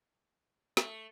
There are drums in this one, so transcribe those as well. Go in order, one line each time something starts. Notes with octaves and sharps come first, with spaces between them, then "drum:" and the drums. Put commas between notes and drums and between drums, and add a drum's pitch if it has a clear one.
A3, drum: snare